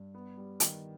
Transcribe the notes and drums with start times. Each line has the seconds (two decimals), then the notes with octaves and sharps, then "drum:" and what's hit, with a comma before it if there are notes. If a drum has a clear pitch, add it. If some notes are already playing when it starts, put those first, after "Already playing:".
Already playing: G2
0.14 B3
0.37 G3
0.60 D#3, drum: hi-hat